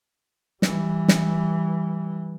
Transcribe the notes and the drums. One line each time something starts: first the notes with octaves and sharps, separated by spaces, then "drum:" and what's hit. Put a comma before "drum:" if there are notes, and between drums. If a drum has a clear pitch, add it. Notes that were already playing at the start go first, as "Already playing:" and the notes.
E3 G3, drum: snare
drum: snare